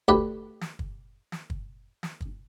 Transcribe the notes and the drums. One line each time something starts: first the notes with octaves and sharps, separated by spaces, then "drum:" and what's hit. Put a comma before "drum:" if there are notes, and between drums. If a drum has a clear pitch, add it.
D2 G4 B4, drum: kick
drum: snare
drum: kick
drum: snare
drum: kick
drum: snare
drum: kick